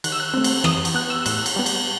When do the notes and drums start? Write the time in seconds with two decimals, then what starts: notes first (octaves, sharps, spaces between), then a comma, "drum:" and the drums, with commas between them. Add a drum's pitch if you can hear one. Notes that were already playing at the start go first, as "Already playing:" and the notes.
0.04 D#3 F#6, drum: cymbal
0.12 E6
0.20 F#6
0.34 A3 C4
0.44 drum: cymbal
0.64 E3 D#6, drum: rim click
0.85 drum: cymbal
0.94 B3 F#6
1.10 E6
1.26 A2 F#6, drum: cymbal
1.46 drum: cymbal
1.56 G3 B3
1.66 drum: cymbal